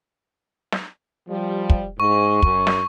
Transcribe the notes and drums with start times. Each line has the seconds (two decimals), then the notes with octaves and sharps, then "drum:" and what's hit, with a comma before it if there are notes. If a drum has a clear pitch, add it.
0.72 drum: snare
1.29 F3 G3
1.70 drum: kick
2.00 G#2 C#6
2.42 F#2, drum: kick
2.67 drum: snare